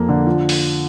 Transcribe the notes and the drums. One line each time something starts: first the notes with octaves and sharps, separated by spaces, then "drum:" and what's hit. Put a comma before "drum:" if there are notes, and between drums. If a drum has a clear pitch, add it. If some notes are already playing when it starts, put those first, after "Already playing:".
Already playing: F2 F3 A#3
D3
F3
drum: open hi-hat